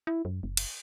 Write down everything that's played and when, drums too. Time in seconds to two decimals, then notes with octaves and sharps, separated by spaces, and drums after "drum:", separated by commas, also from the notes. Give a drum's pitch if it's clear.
0.07 E4
0.25 F#2
0.43 F#1
0.57 drum: cymbal